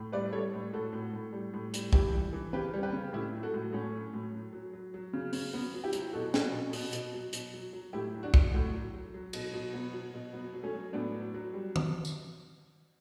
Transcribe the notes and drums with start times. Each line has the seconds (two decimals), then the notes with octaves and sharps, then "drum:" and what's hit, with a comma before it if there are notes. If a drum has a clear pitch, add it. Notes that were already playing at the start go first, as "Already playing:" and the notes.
Already playing: A2
0.12 G3 B4 D5
0.32 G3 A4 C#5
0.53 A2
0.73 A2 F#4 A4
0.93 A2
1.13 A2
1.33 G3
1.54 A2
1.74 G3, drum: hi-hat
1.93 E3 E4 G4, drum: kick
2.13 G3
2.33 E3
2.53 C#3 G4 B4
2.73 G3
2.83 G4 B4
2.93 C#3
3.13 A2 E4 G4
3.33 F#3
3.43 F#4 A4
3.54 A2
3.73 A2 A3 C#4
3.94 F#3
4.14 A2
4.33 F#3
4.53 F#3
4.73 F#3
4.94 F#3
5.13 C#3
5.33 C#3, drum: open hi-hat
5.53 F#3 B3
5.74 F#3
5.84 E4 G4
5.93 F#3, drum: hi-hat
6.13 B2 F#4 A4
6.34 B2, drum: snare
6.53 B2
6.73 B2, drum: open hi-hat
6.93 B2, drum: hi-hat
7.13 F#3
7.33 B2, drum: hi-hat
7.53 F#3
7.73 F#3
7.93 A2 E4 G4
8.14 F#3
8.23 D4 F#4
8.34 F#3, drum: kick
8.54 A2
8.73 F#3
8.94 F#3
9.14 F#3
9.33 B2, drum: cymbal
9.53 B2
9.74 F#3 B3
9.93 F#3
10.14 B2
10.33 F#3 B3
10.54 F#3
10.63 A3 C#4
10.74 F#3
10.93 A2 B3 D4
11.14 F#3
11.34 F#3
11.54 G3
11.76 drum: tom D#3
12.05 drum: tambourine